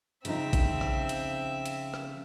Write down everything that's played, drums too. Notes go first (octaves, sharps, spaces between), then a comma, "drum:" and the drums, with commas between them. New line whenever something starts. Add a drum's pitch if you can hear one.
C#3 F3 C4 D#4 E5, drum: hi-hat
drum: kick, hi-hat
drum: rim click
drum: hi-hat
drum: hi-hat
drum: rim click